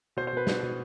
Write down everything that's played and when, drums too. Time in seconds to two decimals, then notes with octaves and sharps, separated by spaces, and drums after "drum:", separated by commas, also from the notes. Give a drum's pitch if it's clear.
0.17 B2 C5
0.27 C5
0.33 B2 B4
0.47 B2, drum: snare
0.63 B2